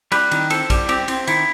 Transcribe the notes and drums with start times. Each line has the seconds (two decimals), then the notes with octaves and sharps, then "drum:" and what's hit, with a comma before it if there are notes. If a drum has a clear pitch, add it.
0.12 G3 B4, drum: cymbal
0.31 D#3, drum: cymbal
0.50 C4 A4, drum: cymbal
0.70 G3, drum: kick A#1, cymbal
0.89 C4 G4, drum: cymbal
1.08 C4, drum: cymbal
1.27 D#3 E4, drum: cymbal